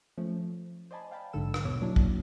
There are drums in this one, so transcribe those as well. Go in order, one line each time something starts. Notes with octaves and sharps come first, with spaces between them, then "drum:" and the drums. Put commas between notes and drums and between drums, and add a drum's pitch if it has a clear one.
F3 A3 C#4
C5 D5 D#5 G#5 A5 B5
F5 G5 A5 B5
A#1 G#2 D3 A4 E6 E7
drum: rim click
E2 B2 C#5 D6
F#3 A#3 D4 E4
drum: kick